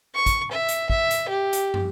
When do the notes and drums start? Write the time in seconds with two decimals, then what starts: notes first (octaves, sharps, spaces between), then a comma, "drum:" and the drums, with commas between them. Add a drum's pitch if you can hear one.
0.15 C#6
0.26 drum: kick, hi-hat
0.51 E5
0.68 drum: hi-hat
0.90 E5, drum: kick
1.11 drum: hi-hat
1.29 G4
1.53 drum: hi-hat
1.74 drum: tom